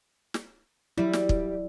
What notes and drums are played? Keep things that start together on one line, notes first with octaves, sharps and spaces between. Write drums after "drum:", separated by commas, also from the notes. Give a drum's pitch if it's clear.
drum: snare
F#3 G3 E4
drum: snare
drum: kick